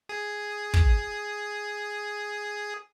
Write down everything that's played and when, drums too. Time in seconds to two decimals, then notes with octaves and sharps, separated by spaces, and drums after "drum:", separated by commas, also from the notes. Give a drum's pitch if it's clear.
0.09 G#4 D#6
0.74 drum: kick